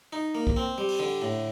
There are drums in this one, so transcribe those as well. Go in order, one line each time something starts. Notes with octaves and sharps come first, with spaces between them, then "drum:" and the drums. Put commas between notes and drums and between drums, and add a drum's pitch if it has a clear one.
D#4
A#3
drum: kick B1
C4
G3
drum: open hi-hat
D3
A2